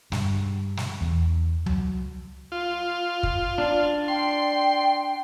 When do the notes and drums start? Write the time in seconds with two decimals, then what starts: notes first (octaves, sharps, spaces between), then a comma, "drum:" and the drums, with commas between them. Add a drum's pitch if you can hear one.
0.12 G2, drum: snare
0.77 drum: snare
1.01 E2
1.66 F#3, drum: tom C#2
2.52 F4
3.23 drum: kick
3.58 D4
4.08 G5 C6